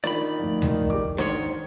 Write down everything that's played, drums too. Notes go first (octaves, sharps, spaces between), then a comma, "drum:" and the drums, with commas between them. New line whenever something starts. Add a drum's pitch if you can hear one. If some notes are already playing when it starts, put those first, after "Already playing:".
D#3 F4 D5 B5, drum: snare
D2 F3
drum: tom D2
G4 D6, drum: kick
G#2 D#3 C5 C#5 G#6, drum: snare